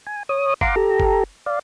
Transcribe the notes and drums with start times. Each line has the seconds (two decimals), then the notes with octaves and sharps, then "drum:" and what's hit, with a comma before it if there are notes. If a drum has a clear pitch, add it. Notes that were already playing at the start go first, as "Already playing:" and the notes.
0.07 G#5
0.29 C#5 D#6
0.61 F5 F#5 A#5 C6 D6, drum: kick
0.76 G4 A4 A#5
1.00 drum: kick
1.46 D5 F5